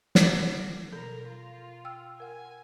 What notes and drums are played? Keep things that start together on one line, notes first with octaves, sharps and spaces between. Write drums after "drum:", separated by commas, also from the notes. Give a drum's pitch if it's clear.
F#5 D6, drum: snare
B2 A4 A#4
F4
G5 E6 F6
A#4 F#5 G#5